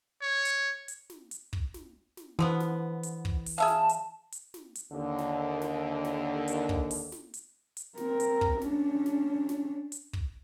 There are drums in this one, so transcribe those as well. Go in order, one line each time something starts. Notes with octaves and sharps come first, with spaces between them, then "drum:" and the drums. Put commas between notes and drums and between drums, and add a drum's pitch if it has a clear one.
C#5
drum: hi-hat
drum: hi-hat
drum: snare
drum: hi-hat
drum: kick
drum: snare
drum: snare
D3 E3 F3 B3
drum: snare
drum: hi-hat
drum: kick
drum: open hi-hat
G#4 E5 F5 A5
drum: snare
drum: hi-hat
drum: hi-hat
drum: snare
drum: hi-hat
D#2 D3
drum: snare
drum: snare
drum: snare
drum: hi-hat
drum: kick
drum: open hi-hat
drum: snare
drum: hi-hat
drum: hi-hat
C4 A#4, drum: snare
drum: hi-hat
drum: kick
C#4 D4, drum: snare
drum: snare
drum: snare
drum: hi-hat
drum: kick